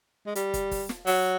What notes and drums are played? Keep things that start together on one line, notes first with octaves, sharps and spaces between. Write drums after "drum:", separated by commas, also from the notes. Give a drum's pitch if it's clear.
G#3
G3, drum: hi-hat
drum: kick, hi-hat
drum: kick, open hi-hat
drum: snare
F#3, drum: open hi-hat